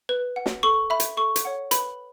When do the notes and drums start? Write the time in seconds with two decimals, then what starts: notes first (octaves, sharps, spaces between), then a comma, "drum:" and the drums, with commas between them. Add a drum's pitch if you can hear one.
0.09 B4
0.36 F#5
0.46 drum: snare
0.63 A4 C#6
0.90 E5 B5
1.00 drum: hi-hat
1.17 A4 C#6
1.36 drum: hi-hat
1.45 C#5 F#5
1.71 B4 B5, drum: hi-hat